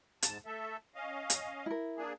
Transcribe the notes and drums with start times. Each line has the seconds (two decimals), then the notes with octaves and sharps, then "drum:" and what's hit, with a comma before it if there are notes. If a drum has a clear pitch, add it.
0.22 G#2 A5, drum: hi-hat
0.46 A3 A4 E5
0.95 C#4 D#5 F5
1.30 drum: hi-hat
1.66 E4 A#4
1.97 A#3 D4 G#4